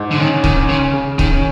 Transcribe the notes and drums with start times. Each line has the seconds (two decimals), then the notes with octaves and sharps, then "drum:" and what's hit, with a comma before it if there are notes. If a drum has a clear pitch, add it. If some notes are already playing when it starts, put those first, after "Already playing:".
Already playing: G#2
0.11 D3
0.19 D#3 C#4
0.44 D#3, drum: kick C#1
0.57 C#4
0.69 C#3
0.94 C#3
1.19 D#3, drum: kick C#1
1.30 C#4